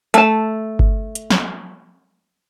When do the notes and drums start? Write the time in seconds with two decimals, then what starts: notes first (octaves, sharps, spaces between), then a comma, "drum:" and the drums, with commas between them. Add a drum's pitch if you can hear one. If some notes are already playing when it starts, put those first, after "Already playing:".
0.14 A3 A5, drum: hi-hat
0.79 drum: kick G1
1.15 drum: hi-hat
1.30 drum: snare